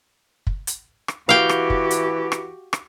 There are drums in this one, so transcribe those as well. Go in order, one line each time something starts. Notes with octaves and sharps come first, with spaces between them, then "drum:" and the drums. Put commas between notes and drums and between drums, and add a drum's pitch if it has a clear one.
drum: kick
drum: hi-hat
drum: rim click
E3 F#4 G4 F5 G5
drum: rim click
drum: kick
drum: hi-hat
drum: rim click
drum: rim click